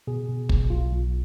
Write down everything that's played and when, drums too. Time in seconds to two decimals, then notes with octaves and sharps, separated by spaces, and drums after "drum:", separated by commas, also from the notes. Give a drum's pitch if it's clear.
0.07 B2 G#4
0.28 B2
0.49 B1, drum: kick
0.70 B1 F4
0.91 B1